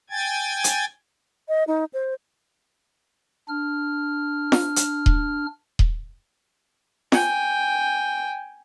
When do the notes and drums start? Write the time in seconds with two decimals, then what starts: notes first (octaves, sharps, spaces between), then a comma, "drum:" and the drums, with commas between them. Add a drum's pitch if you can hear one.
0.10 G5 G#5 G#6 A6
0.64 drum: hi-hat
1.49 D#5
1.67 D#4
1.94 C5
3.49 D4 F6
4.52 drum: snare F4
4.76 drum: hi-hat
5.06 drum: kick D#1
5.79 drum: kick D#1
7.12 G5 G#5, drum: snare F4